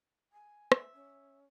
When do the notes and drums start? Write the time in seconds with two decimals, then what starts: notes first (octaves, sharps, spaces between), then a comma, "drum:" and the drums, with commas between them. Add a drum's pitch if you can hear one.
0.32 G#5
0.72 E5, drum: rim click
0.94 C#4